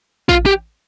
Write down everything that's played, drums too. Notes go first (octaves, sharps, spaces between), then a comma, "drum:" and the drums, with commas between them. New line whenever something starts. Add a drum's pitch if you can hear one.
F4, drum: kick A1
G4